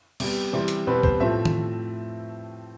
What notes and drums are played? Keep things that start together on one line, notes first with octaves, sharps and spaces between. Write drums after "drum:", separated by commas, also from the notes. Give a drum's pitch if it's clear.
C3 G3 B3, drum: cymbal
C3 E3 G3 C4
drum: hi-hat
B2 G3 C4 B4
C5, drum: kick
A2 F3 A3 C4 E5
drum: tom